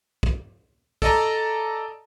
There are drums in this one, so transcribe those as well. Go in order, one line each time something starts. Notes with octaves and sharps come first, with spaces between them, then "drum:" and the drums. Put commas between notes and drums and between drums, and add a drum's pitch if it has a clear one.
drum: kick
A4 D5 D#5 A5 A#5, drum: kick